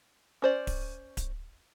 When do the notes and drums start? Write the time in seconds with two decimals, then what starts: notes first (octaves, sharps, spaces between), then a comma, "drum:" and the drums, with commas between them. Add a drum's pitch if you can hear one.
0.42 C#4 C5 D5
0.67 drum: kick D1, open hi-hat
1.17 drum: kick D1, hi-hat